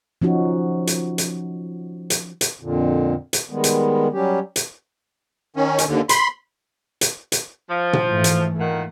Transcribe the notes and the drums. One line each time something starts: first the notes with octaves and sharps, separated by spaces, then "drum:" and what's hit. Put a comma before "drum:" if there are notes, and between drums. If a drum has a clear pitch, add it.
F3 C#4 D#4 F#4
drum: hi-hat
drum: hi-hat
drum: hi-hat
drum: hi-hat
F2 A#2 D3
drum: hi-hat
D#3 G3 G#3 B3
drum: hi-hat
F#3 G3 C#4 G4
drum: hi-hat
D#3 C#4
drum: hi-hat
D#2 D3
B5 C6, drum: hi-hat
drum: hi-hat
drum: hi-hat
F3
drum: tom A#2
G#2 E3 A3
drum: hi-hat
A#2 D#3 F#5